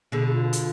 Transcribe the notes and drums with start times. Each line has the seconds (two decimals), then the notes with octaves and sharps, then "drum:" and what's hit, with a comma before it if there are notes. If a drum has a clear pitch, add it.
0.12 B2 D3 G#4
0.27 G#4
0.33 F4
0.53 drum: hi-hat